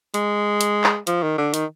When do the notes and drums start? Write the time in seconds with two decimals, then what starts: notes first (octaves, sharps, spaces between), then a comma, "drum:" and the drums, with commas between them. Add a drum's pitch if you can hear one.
0.14 G#3, drum: hi-hat
0.61 drum: hi-hat
0.84 drum: clap
1.07 F3, drum: hi-hat
1.23 D#3
1.38 D3
1.54 D#3, drum: hi-hat